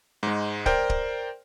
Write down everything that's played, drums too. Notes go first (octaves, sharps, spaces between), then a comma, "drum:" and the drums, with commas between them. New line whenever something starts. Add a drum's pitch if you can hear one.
G#2 G#3
A#4 C5 D5 G5, drum: kick
drum: kick